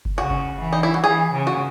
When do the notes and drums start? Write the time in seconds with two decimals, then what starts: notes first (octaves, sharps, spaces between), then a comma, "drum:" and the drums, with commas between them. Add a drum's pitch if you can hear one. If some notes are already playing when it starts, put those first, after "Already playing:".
0.05 drum: kick F#1
0.17 C#3 F#4
0.30 drum: kick F#1
0.61 E3
0.73 D#4
0.83 E4
0.94 F#4
1.04 E3 G#4
1.33 C#3
1.47 F#4